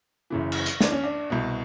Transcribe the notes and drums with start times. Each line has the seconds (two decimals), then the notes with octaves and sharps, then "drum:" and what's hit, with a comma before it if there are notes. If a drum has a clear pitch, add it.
0.30 F#1 F#2 C#3 E3
0.52 drum: cymbal
0.66 drum: hi-hat
0.80 D4, drum: snare
0.92 C#4
1.04 D4
1.30 C2 B2